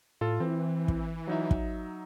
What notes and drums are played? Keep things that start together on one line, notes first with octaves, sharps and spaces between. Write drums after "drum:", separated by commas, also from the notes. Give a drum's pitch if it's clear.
A2 F4 A4
E3 C4
drum: kick
F#3 D#4 E5
drum: kick